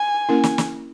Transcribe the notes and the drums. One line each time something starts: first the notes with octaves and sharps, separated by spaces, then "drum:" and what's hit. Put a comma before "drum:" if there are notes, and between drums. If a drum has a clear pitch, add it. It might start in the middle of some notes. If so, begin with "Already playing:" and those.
Already playing: G#5
A#3 C#4 E4 A#4
drum: snare
drum: snare